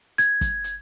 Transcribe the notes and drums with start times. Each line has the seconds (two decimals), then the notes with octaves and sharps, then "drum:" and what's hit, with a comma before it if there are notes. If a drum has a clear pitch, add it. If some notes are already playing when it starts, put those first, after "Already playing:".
0.18 G#6, drum: hi-hat
0.41 drum: kick, hi-hat
0.64 drum: hi-hat